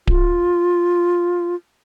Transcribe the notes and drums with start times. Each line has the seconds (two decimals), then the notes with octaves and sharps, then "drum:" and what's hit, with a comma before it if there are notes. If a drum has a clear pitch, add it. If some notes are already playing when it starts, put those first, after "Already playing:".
0.07 F4, drum: kick D1